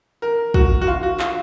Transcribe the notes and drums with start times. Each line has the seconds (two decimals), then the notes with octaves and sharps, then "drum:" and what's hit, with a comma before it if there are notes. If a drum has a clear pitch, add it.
0.22 A#4
0.54 F#4, drum: kick
0.81 F#4
0.87 F4
1.03 F#4
1.19 F4, drum: clap